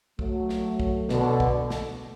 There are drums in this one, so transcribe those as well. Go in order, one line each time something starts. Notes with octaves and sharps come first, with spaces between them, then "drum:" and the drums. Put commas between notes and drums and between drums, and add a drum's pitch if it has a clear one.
F#3 A3, drum: kick
drum: snare
drum: kick
B2 D3, drum: snare
drum: kick
drum: snare